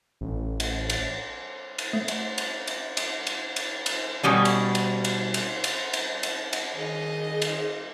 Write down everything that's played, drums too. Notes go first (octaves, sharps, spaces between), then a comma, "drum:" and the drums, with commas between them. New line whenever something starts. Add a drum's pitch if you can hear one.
A1
drum: cymbal
drum: cymbal
drum: cymbal
A3
drum: cymbal
drum: cymbal
drum: cymbal
drum: cymbal
drum: cymbal
drum: cymbal
drum: cymbal
B2 G3 C#4
drum: cymbal
drum: cymbal
drum: cymbal
drum: cymbal
drum: cymbal
drum: cymbal
drum: cymbal
drum: cymbal
D#3 G#4 D#5
drum: cymbal